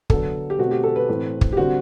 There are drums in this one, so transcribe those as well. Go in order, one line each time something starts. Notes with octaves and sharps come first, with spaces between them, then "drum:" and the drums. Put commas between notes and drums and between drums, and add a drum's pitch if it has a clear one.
D3 F#3 B3 A4, drum: kick
G4
B2 A3 C4 F#4
G4
A4
B4
A2 E3 A3 C4
drum: kick
G4
D3 G3 C4 F#4